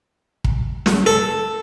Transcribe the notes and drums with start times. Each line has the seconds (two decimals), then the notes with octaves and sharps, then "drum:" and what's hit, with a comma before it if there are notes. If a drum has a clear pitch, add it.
0.44 drum: kick
0.86 drum: snare
1.06 A4